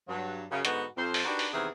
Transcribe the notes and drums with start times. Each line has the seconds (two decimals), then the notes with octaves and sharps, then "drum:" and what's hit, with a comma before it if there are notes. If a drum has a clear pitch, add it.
0.09 G2 F#3
0.51 F#2 C#3
0.65 G#2 D3 B3 D#4 F#4, drum: hi-hat
0.97 F2 C5
1.14 drum: open hi-hat
1.25 D4 D#4 F#4 G4 A#4 B4
1.39 drum: open hi-hat
1.53 E2 C3 D#3 E3 C4 G#4